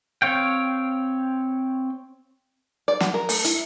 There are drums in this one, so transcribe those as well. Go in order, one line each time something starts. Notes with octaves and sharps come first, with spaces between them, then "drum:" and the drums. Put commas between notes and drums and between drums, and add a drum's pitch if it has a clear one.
C4 C#5 F5 G5
D5
F#4, drum: snare
A#4
A3, drum: open hi-hat
E4, drum: hi-hat